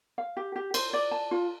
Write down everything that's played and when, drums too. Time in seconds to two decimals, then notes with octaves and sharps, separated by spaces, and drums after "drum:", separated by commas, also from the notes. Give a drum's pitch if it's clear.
0.18 F5
0.37 G4
0.56 G4
0.74 C5, drum: cymbal
0.93 D5
1.11 A5
1.31 F4